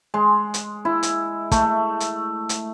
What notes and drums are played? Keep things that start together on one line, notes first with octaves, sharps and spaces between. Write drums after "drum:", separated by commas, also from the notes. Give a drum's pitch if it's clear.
G#3
drum: hi-hat
E4
drum: hi-hat
A3, drum: kick, hi-hat
drum: hi-hat
drum: hi-hat